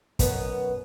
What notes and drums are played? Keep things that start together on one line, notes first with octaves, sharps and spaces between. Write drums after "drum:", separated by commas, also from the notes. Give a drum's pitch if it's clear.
F#2 B2 B3, drum: kick, hi-hat